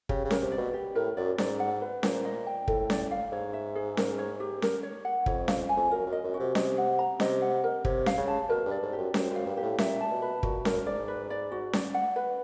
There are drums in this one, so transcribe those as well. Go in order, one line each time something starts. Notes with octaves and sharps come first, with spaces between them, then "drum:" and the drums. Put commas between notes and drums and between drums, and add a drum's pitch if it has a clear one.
C#3 G4, drum: kick
C#3
A#4, drum: snare C#4
C3
D5
B2
G4
A2 A#4
F#2 D5
G#2 D5, drum: snare C#4
F#5
B4
A#2 C5, drum: snare C#4
D#5
G5
A2 A4, drum: kick
D5, drum: snare C#4
F5
G#2 C#5
E5
G#4
A#4, drum: snare C#4
C#5
G4
A#4, drum: snare C#4
C#5
F#5
F2 C#5, drum: kick
F5, drum: snare C#4
G#5
F2
F#2 A#4
F#2
D#5
F#2
F#4
C3
C3 D#5, drum: snare C#4
F#5
A#5
C3 D#5, drum: snare C#4
F#5
A#4
C3 C#5, drum: kick
F5, drum: snare C#4
C#3
A5
B2 A#4
G2
D5
G#2
F#2 G4
F#2 C5, drum: snare C#4
F#2
F5
G2
A#2 G4
A2
A#2 E5, drum: snare C#4
A5
B2
B4
A#2 F#4, drum: kick
F#2 A#4, drum: snare C#4
G#2 D5
B4
D5
F#4
D5, drum: snare C#4
F#5
B4